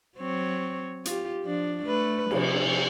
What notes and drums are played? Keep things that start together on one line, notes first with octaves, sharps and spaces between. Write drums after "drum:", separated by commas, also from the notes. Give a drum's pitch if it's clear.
F#3 C4 C#5
F4 G4, drum: hi-hat
F3 D4
A3 B4
C3 F3, drum: cymbal